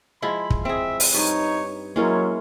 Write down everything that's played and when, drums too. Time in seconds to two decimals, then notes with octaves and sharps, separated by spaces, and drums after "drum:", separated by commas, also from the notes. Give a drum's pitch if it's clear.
0.22 F3 G#3 E4 B5
0.50 drum: kick
0.65 C4 G#4 E5
1.00 drum: open hi-hat
1.14 G2 D#4 C#5
1.96 F#3 G#3 A#3 C#4 E4 F4 A#4 C#5